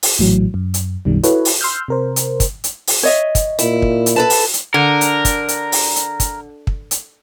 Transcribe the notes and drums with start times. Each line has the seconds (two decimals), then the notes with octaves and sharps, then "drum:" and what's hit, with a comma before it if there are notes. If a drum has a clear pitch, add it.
0.03 drum: open hi-hat
0.19 A#1 A2 E3 F#3
0.54 F#2
0.74 drum: hi-hat
1.05 B1 F#2 B2 D#3 G3
1.23 E4 F#4 A4 B4 C#5, drum: hi-hat
1.45 drum: open hi-hat
1.61 C6 E6 F6 G6
1.88 C3 A#4 C5
2.16 drum: hi-hat
2.40 drum: kick, hi-hat
2.64 drum: hi-hat
2.87 drum: open hi-hat
3.03 C#5 D#5 E5
3.35 drum: kick, hi-hat
3.59 A#2 E4, drum: hi-hat
3.82 drum: kick
4.06 drum: hi-hat
4.16 A4 B4 A5
4.30 drum: open hi-hat
4.54 drum: hi-hat
4.74 D3 A#4
5.01 drum: hi-hat
5.25 drum: kick, hi-hat
5.48 drum: hi-hat
5.72 drum: open hi-hat
5.96 drum: hi-hat
6.20 drum: kick, hi-hat
6.67 drum: kick
6.91 drum: hi-hat